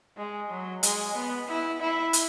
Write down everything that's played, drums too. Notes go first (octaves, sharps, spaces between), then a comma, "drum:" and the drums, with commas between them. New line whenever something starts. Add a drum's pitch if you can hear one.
G#3
F#3
G#3, drum: hi-hat
B3
E4
E4
drum: hi-hat